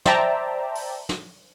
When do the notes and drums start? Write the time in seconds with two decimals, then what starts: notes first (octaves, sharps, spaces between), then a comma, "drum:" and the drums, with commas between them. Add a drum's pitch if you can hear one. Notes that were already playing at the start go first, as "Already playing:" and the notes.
0.05 C5 D5 E5 G5 A5 A#5, drum: snare
0.75 drum: open hi-hat
1.09 drum: snare